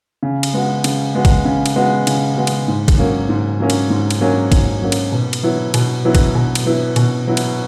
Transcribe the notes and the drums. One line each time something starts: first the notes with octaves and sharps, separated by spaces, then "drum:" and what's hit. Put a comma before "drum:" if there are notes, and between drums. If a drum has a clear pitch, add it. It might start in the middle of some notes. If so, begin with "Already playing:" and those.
C#3
drum: cymbal
G#3 B3 F#4
C#3, drum: cymbal
G#3 B3 F#4
drum: kick, cymbal
C#3
drum: cymbal
G#3 B3 F#4
C#3, drum: cymbal
G#3 B3 F#4
drum: cymbal
G#2
drum: kick, cymbal
F#3 A#3 C#4
G#2
F#3 A#3 C#4
drum: cymbal
G#2
drum: cymbal
F#3 A#3 C#4
G#2, drum: kick, cymbal
F#3 A#3 C#4
drum: cymbal
B2
drum: cymbal
F#3 B3 E4
B2, drum: cymbal
F#3 B3 E4
drum: kick, cymbal
B2
drum: cymbal
F#3 B3 E4
B2, drum: cymbal
F#3 B3 E4
drum: cymbal